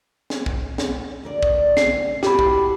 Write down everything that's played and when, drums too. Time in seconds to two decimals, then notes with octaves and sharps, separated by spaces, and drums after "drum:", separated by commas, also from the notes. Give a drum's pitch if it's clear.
0.30 drum: snare
0.46 drum: kick
0.78 drum: snare
1.23 D2 A#4 D5
1.43 drum: kick
1.77 C7, drum: snare
2.23 E4 F#4 G4 A4 B5, drum: snare
2.39 drum: kick